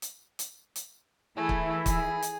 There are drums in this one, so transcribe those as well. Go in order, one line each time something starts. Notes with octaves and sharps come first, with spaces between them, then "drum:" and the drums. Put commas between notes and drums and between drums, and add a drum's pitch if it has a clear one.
drum: hi-hat
drum: hi-hat
drum: hi-hat
E3 A3 E4 G#4
drum: kick
G#4, drum: kick, hi-hat
drum: hi-hat